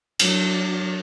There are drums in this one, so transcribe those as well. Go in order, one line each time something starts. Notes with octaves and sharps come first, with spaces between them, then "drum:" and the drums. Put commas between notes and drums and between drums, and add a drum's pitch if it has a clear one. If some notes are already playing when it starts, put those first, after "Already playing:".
F#3 D4, drum: cymbal